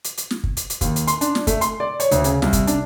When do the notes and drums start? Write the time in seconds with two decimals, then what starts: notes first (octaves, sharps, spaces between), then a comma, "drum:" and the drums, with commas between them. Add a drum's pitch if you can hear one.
0.04 drum: hi-hat
0.17 drum: hi-hat
0.31 drum: snare
0.44 drum: kick
0.57 drum: hi-hat
0.70 drum: hi-hat
0.81 D#2, drum: kick, hi-hat
0.96 drum: hi-hat
1.07 C6, drum: hi-hat
1.21 D4, drum: hi-hat
1.35 drum: snare
1.47 A3, drum: kick, hi-hat
1.61 C6, drum: hi-hat
1.80 D5
2.00 C#5, drum: hi-hat
2.11 D2, drum: hi-hat
2.24 C#3, drum: hi-hat
2.42 C2, drum: snare
2.53 drum: kick, hi-hat
2.67 D4, drum: hi-hat